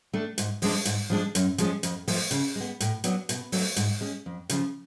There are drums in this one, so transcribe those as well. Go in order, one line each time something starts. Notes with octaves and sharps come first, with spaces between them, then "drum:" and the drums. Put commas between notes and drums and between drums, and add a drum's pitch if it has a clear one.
A3 D4
G#2, drum: hi-hat
F3 G#3 D4, drum: open hi-hat
G#2, drum: hi-hat
F3 G#3 D4
F#2, drum: hi-hat
F3 G#3 C#4, drum: hi-hat
F2, drum: hi-hat
F3 A3, drum: open hi-hat
C#3, drum: hi-hat
G#3 B3
A2, drum: hi-hat
F#3 B3 D4, drum: hi-hat
B2, drum: hi-hat
F#3 A3 D4, drum: open hi-hat
G#2, drum: hi-hat
G#3 C#4
F2
C#3 F3, drum: hi-hat